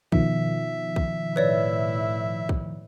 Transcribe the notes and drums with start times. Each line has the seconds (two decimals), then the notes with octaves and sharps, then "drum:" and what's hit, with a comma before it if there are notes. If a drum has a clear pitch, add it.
0.12 B2 D#3 F3 E5, drum: kick
0.96 drum: kick
1.36 A2 E4 B4 C#5 D5
2.49 drum: kick